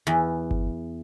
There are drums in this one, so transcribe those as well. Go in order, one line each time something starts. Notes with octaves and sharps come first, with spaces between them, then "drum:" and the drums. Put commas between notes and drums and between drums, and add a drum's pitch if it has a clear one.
E2
drum: kick G1